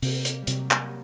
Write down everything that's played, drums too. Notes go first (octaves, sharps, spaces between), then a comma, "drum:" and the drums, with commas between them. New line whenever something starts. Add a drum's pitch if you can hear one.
C3 A#3, drum: open hi-hat
A#3, drum: hi-hat
G3
C3 F#3, drum: hi-hat
G3, drum: clap